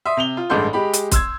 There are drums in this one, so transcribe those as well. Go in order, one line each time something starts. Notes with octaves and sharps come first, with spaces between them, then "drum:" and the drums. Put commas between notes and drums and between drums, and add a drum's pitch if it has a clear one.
E5 C6 D#6
C3 F7 G7
F4
A1 G2 G#3 A4 C6 G6
G#3 G4 B5
drum: hi-hat
C6 E6 G#6, drum: kick, hi-hat